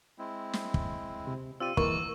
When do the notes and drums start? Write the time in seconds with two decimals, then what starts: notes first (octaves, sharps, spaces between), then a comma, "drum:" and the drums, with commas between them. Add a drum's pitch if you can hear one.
0.18 G#3 C4 E4
0.53 drum: snare
0.74 drum: kick
1.27 C3
1.60 C4 F4 G4 D5 E6 D#7
1.77 E3 G#3 A#3 C#6 E6, drum: kick